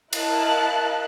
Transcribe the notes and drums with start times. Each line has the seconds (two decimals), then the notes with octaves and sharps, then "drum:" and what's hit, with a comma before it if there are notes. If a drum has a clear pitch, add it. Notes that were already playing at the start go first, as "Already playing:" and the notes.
0.13 E4 A#4 D#5 F5 A5 F#6, drum: cymbal